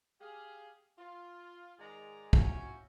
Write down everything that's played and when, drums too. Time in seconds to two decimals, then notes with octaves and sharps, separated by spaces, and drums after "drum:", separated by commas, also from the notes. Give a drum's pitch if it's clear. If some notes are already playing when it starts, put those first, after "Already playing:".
0.21 G4 G#4 F5
0.98 F4
1.79 G#2 D#3 G#3 G#4 D5 A#5
2.33 C#4 E4 F#4 E5 F5 G5, drum: kick